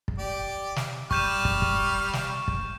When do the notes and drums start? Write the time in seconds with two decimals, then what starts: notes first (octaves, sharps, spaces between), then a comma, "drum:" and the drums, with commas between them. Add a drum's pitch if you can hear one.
0.08 drum: kick
0.18 G4 D5
0.76 drum: snare
1.11 G3 C#6 F6 G6 E7, drum: kick
1.45 drum: kick
1.62 drum: kick
2.13 drum: snare
2.48 drum: kick